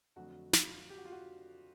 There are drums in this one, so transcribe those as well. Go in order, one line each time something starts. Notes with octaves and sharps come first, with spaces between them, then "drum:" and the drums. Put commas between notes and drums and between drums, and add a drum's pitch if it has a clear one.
F2 D3 F#3 A3 F#4
F4, drum: snare
G4
F#4
F4
F#4